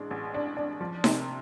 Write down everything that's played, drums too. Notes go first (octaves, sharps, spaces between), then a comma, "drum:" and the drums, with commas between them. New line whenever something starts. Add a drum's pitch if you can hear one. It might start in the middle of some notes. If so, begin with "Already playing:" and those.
Already playing: A1 G#3 D4
A1
D4
D4
F3
C3, drum: snare D#4